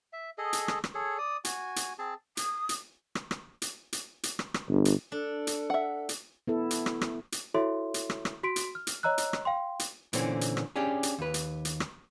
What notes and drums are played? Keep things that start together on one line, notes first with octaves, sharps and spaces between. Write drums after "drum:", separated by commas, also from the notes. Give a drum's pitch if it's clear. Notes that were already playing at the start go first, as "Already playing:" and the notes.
E5
G#4 A4 D#5
drum: hi-hat
drum: rim click
drum: rim click
G#4 A4 C#5
D5 D#6
F#4 G#5, drum: hi-hat
drum: hi-hat
C4 G#4 A5
D#6, drum: hi-hat
drum: hi-hat
drum: rim click
drum: rim click
drum: hi-hat
drum: hi-hat
drum: hi-hat
drum: rim click
drum: rim click
G1
drum: hi-hat
D4 A4
drum: hi-hat
E5 F#5
drum: hi-hat
B3 E4 A4
drum: hi-hat
drum: rim click
drum: rim click
drum: hi-hat
E4 F#4 A4 C#5 E5 C6
drum: hi-hat
drum: rim click
drum: rim click
F#4 C6 B6 D7
drum: hi-hat
F6
drum: hi-hat
C#5 D#5 A#5 E6 F#6
drum: hi-hat
drum: rim click
F5 G5 C6
drum: hi-hat
A#2 D3 E3 C4 C#4, drum: hi-hat
drum: hi-hat
drum: rim click
C#4 D4 G4 G#4
drum: hi-hat
D#2 B4
drum: hi-hat
drum: hi-hat
drum: rim click